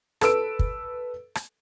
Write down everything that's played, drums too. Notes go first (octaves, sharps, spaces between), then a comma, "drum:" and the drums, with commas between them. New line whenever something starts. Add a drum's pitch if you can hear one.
A4 B4 E6 D7, drum: rim click
drum: kick
drum: rim click